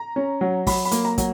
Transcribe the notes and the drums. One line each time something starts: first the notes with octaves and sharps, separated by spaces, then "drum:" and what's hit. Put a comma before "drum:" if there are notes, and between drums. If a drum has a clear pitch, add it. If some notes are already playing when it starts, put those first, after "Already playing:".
Already playing: A#5
C#4
F#3
F#3 B5, drum: kick, open hi-hat
B5
A#3, drum: hi-hat
A#5
F#3, drum: kick, hi-hat